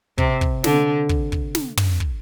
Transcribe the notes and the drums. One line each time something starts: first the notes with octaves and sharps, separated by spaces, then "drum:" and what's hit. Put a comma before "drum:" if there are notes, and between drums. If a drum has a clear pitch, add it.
C3, drum: kick
drum: kick
D3, drum: snare
drum: kick
drum: kick
drum: snare
drum: tom
drum: kick